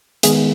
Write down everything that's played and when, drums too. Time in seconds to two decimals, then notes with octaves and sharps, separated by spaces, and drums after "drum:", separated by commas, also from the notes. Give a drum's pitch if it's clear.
0.23 D#3 G#3 B3 G#4, drum: hi-hat